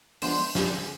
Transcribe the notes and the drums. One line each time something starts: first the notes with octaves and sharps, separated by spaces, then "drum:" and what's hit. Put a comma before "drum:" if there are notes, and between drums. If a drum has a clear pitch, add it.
F3 G#3 B3 D4 C5, drum: open hi-hat
G3 D4 F4, drum: snare